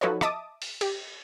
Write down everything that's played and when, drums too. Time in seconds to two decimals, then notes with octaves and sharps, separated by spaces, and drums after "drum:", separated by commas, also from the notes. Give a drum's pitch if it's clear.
0.01 F3 D#4 F#4 A4 B4 C#5
0.21 D#5 E5 A5 D6 D#6, drum: rim click
0.62 drum: open hi-hat
0.81 G4, drum: cymbal